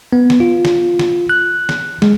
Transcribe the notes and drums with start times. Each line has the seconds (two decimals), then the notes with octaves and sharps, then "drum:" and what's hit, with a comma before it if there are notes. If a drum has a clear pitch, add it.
0.13 B3
0.30 drum: snare
0.40 F4
0.65 drum: snare
0.99 drum: snare
1.29 F#6
1.69 drum: snare
2.02 G#3, drum: snare